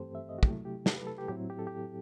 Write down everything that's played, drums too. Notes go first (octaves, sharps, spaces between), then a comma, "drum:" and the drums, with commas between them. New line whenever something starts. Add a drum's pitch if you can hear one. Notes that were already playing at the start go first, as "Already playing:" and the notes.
Already playing: G2 E3 A3 C4 G4 A4 C5
E5
D#5
F#4
C3 F#3 A3 E4 G4, drum: kick
G4
A4, drum: snare
B4
A4
G4
A2 F#3 C4 E4 G4
G4
A4
G4